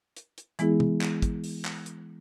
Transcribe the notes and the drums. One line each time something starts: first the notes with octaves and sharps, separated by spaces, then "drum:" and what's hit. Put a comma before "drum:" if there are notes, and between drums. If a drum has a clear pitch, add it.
drum: hi-hat
drum: hi-hat
E3 G#3 B3 E4 G#4, drum: hi-hat
drum: tom
drum: clap
drum: kick, hi-hat
drum: open hi-hat
drum: clap
drum: hi-hat